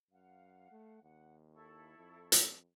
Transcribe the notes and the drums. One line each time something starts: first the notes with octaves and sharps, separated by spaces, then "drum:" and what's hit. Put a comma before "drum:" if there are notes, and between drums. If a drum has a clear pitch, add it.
F#2 F5 F#5
A3
D#2 F#5
E4 A4 C#6
F2
drum: hi-hat